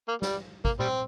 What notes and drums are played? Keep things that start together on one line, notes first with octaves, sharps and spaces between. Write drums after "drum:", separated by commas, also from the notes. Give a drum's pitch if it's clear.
A#3
G3, drum: snare
A#3, drum: kick
G3 C4, drum: tom A#2